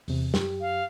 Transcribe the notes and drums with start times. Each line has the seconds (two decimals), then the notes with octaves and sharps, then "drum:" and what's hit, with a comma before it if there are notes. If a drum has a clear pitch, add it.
0.08 E2 C3, drum: open hi-hat
0.34 F#2 G4, drum: snare
0.61 F5